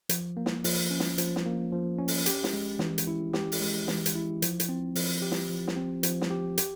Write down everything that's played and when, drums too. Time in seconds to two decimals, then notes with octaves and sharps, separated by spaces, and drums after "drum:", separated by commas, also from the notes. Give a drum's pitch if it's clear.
0.09 F3, drum: hi-hat
0.37 A#3
0.46 drum: snare
0.64 F3, drum: open hi-hat
0.91 C#4
1.00 drum: snare
1.18 F3, drum: hi-hat
1.36 drum: snare
1.45 A#3
1.72 F3
1.99 C#4
2.08 drum: open hi-hat
2.26 G4, drum: hi-hat
2.44 drum: snare
2.53 G#3
2.79 E3, drum: snare
2.98 drum: hi-hat
3.07 E4
3.33 G4, drum: snare
3.52 drum: open hi-hat
3.61 G#3
3.88 E3, drum: snare
4.06 drum: hi-hat
4.15 E4
4.42 F3, drum: hi-hat
4.60 drum: hi-hat
4.69 C4
4.95 F3, drum: open hi-hat
5.22 G4
5.32 drum: snare
5.49 F3
5.68 drum: snare
5.77 C4
6.03 F3, drum: hi-hat
6.21 drum: snare
6.30 G4
6.58 G4, drum: hi-hat